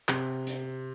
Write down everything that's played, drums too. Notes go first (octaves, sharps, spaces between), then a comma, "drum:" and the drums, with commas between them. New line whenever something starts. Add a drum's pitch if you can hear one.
C3, drum: clap
drum: hi-hat